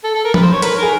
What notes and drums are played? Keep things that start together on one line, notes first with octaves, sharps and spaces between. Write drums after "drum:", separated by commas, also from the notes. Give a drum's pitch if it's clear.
A4
A4
A#4
B4, drum: tom F3
C5
C#5
A#4 B4, drum: hi-hat
G#4 A#4